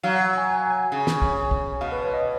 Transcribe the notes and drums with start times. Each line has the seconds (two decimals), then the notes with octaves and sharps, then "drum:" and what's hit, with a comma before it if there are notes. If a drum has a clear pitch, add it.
0.03 F#3 F5
0.14 F#5
0.26 A#5
0.37 G#5
0.49 G#5
0.70 G#5
0.92 C#3
1.07 drum: snare
1.22 drum: kick
1.51 drum: kick
1.81 B2 F5
1.92 B4
2.02 C#5
2.14 D#5